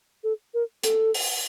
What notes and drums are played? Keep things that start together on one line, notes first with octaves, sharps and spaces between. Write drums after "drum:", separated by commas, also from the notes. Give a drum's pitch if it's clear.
A4
A#4
A4, drum: hi-hat
drum: open hi-hat